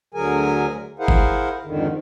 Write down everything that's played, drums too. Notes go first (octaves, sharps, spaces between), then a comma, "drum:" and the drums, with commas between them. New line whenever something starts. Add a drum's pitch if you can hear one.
D2 D3 F#3 G#4 A#4 G#5
E4 G#4 A#4 C5 F5 F#5
drum: kick G#1
F2 G#2 D3 D#3